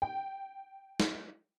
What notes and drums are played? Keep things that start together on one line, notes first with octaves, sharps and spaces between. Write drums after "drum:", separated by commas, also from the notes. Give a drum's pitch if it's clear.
G5
drum: snare